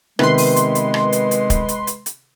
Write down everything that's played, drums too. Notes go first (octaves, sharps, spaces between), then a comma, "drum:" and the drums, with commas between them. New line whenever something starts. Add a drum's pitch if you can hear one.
C3 D#3 G#3 B3 B4 C6, drum: rim click
drum: open hi-hat
drum: hi-hat
drum: hi-hat
drum: rim click
drum: hi-hat
drum: hi-hat
drum: kick, hi-hat
drum: hi-hat
drum: hi-hat
drum: hi-hat